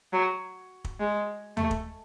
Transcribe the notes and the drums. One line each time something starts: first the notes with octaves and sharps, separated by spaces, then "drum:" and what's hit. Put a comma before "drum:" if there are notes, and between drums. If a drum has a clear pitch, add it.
F#3
drum: kick
G#3
A3, drum: tom D#2
drum: kick